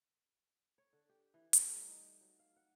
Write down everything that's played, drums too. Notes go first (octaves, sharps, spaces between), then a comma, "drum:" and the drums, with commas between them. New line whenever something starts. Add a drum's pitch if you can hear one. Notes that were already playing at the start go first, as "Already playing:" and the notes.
C#5
D3
G4
E3
A3, drum: hi-hat
G3
D#4
G5
F#3
F5
F#5